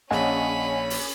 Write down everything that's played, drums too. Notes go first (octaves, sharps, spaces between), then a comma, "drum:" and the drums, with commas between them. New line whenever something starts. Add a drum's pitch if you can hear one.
A#1 C#4 G#4 D#5 F#5 G#5 B5, drum: snare
drum: open hi-hat